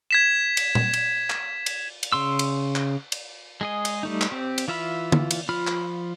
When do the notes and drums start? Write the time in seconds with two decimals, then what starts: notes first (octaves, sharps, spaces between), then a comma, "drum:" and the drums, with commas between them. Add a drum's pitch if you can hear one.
0.11 G#6 B6 E7
0.57 drum: cymbal
0.75 drum: tom A#2
0.93 drum: cymbal
1.30 drum: clap
1.66 drum: cymbal
2.03 drum: cymbal
2.12 C#3 C6 E6
2.39 drum: cymbal
2.76 drum: clap
3.12 drum: cymbal
3.61 G#3 G#4 D#5
3.85 drum: cymbal
4.03 G3 A3 D#4
4.21 drum: clap
4.31 C4 G4
4.58 drum: cymbal
4.68 E3 F4 E5 F5 B5
5.12 drum: tom D3
5.31 drum: cymbal
5.49 F3 F4 B5 F6
5.67 drum: clap